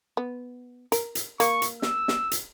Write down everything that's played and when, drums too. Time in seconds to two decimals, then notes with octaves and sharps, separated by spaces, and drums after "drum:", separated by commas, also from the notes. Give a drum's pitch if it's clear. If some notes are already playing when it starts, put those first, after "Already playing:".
0.17 B3
0.92 A#4, drum: hi-hat
1.15 drum: hi-hat
1.40 A#3 C#6, drum: hi-hat
1.62 drum: hi-hat
1.82 E6, drum: snare
2.08 drum: snare
2.31 drum: hi-hat